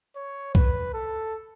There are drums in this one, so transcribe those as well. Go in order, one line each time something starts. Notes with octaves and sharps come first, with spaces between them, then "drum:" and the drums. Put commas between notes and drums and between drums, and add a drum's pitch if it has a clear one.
C#5
B4, drum: kick C2
A4